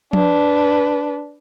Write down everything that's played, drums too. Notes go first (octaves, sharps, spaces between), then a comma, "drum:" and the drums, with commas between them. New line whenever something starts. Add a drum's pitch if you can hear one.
D4 B4, drum: tom F3